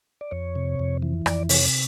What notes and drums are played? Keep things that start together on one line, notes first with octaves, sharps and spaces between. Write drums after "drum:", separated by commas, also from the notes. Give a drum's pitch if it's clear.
D5
F2 C#5
C3
F2
E3
F2 D5, drum: rim click
C3 C#5, drum: open hi-hat